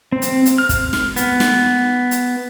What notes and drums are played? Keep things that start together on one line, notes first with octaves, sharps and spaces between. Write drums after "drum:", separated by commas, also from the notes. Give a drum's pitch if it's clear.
C4
drum: hi-hat
drum: hi-hat
F6
drum: kick, hi-hat
drum: snare
B3, drum: hi-hat
drum: snare
drum: hi-hat